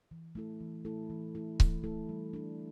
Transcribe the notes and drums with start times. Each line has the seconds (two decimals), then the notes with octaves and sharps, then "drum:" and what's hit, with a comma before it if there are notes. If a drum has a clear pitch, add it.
0.11 E3
0.35 A3 E4 A4
0.60 E3
0.85 A3 E4 A4
1.10 E3
1.35 A3 E4 A4
1.60 E3, drum: kick C#1
1.84 A3 E4 A4
2.09 G3
2.33 D4 A4